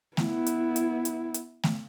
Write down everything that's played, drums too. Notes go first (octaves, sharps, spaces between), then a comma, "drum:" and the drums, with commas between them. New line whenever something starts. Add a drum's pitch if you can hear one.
B3 E4, drum: snare A3
drum: hi-hat
drum: hi-hat
drum: hi-hat
drum: hi-hat
drum: snare A3